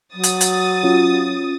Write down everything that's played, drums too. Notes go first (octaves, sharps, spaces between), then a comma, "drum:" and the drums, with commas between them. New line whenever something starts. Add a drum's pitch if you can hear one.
F#3 D#6 A6
drum: hi-hat
drum: hi-hat
C#4 F4